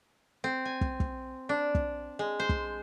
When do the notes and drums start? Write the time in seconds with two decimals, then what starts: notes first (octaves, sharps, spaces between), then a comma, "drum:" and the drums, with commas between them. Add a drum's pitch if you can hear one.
0.44 C4
0.65 G#5
0.81 drum: kick
1.00 drum: kick
1.49 D4
1.75 drum: kick
2.19 G#3
2.40 C5
2.49 drum: kick